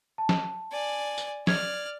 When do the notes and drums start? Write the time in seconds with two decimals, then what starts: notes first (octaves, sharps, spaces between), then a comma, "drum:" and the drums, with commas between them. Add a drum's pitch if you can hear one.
0.18 A5
0.29 drum: snare
0.72 D5 G#5
1.18 drum: tambourine
1.47 D5 F6 G#6, drum: snare